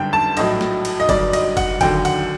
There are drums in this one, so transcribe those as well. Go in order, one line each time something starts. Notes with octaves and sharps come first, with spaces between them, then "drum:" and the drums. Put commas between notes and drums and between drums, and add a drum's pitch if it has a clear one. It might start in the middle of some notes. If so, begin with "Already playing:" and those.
Already playing: G1 F#2 D3 G3 G5
A5
A#1 A2 F#3 D#5, drum: cymbal
drum: snare
drum: cymbal
D#5
G1 G2 F#3 D5, drum: kick F#1, cymbal
D#5, drum: cymbal
F#5, drum: kick F#1, cymbal
D#2 D3 F#3 G5, drum: kick F#1, cymbal
F#5, drum: cymbal